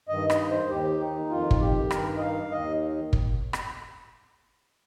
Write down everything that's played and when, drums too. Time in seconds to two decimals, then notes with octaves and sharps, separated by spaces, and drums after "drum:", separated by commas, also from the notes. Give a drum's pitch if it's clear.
0.08 G2 D#3 D#5
0.30 D#5, drum: rim click
0.50 C5
0.70 D#2 D#3 G4
1.00 D#4
1.30 F2 D#3 F4
1.51 drum: kick
1.60 G4
1.91 G2 D#3 A#4, drum: rim click
2.17 D#5
2.21 F5
2.51 D#2 D#3 D#5
3.13 drum: kick
3.53 drum: rim click